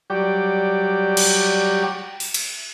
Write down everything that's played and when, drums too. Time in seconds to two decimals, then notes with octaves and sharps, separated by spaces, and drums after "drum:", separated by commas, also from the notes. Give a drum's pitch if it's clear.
0.10 F#3 G3 G4 D5
1.17 drum: cymbal
2.20 drum: open hi-hat
2.34 drum: cymbal